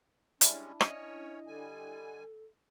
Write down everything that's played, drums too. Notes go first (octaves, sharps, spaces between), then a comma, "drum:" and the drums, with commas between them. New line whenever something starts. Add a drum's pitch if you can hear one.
G3 G#3 C#4 D4 E4, drum: hi-hat
C#4 C#5 D#5, drum: rim click
D3 G3 A4 G#5